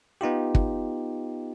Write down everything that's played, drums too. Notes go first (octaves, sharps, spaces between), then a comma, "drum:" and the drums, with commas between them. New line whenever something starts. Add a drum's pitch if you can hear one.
B3 D#4 F4 G4
drum: kick